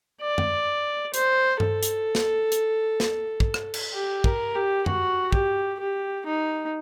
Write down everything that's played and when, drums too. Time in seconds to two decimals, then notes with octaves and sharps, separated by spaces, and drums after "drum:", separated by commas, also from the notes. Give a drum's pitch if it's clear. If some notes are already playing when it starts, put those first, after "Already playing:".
0.21 D5
0.38 drum: tom F#2
1.14 C5, drum: hi-hat
1.60 A4, drum: tom G2
1.83 drum: hi-hat
2.15 drum: snare
2.52 drum: hi-hat
3.00 drum: snare
3.40 drum: kick
3.54 drum: rim click
3.74 drum: cymbal
3.93 G4
4.24 A#4, drum: kick
4.55 G4
4.86 F#4, drum: tom F#2
5.32 G4, drum: kick
5.79 G4
6.25 D#4